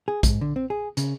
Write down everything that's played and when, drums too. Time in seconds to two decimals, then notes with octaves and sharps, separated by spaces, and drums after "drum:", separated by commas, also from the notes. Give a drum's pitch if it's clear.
0.08 G#4
0.23 G#2, drum: kick A#1, hi-hat
0.41 D3
0.56 C4
0.70 G#4
0.97 C#3, drum: hi-hat